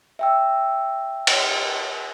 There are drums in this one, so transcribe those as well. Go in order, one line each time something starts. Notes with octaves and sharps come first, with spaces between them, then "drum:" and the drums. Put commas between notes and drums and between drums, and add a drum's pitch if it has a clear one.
E5 G5 E6
drum: cymbal